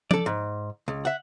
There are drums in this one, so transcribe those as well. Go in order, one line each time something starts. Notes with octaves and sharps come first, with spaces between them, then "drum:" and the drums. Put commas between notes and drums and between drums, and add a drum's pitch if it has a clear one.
A4 D5, drum: tom F3
G#2
C#2
E5 F#5